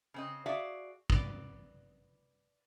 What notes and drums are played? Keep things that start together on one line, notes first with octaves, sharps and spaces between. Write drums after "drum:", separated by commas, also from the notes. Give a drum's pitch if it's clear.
C#3 C4 D#5
F#4 G#4 D5 E5 F5
B4 D5, drum: kick